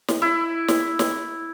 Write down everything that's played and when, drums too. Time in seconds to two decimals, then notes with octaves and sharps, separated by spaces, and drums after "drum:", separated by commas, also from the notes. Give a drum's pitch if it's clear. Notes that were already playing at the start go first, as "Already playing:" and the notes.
0.08 drum: snare
0.22 E4
0.68 drum: snare
0.99 drum: snare